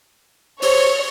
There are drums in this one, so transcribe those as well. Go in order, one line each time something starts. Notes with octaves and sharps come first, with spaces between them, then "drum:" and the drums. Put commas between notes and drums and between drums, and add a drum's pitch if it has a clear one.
C5 C#5, drum: open hi-hat